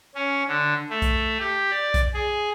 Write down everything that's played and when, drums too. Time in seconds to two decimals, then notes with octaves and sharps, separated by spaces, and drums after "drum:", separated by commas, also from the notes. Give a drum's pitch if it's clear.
0.15 C#4
0.48 D3
0.89 A3
1.02 drum: kick B1, hi-hat
1.40 G4
1.71 D5
1.94 drum: kick B1, hi-hat
2.14 G#4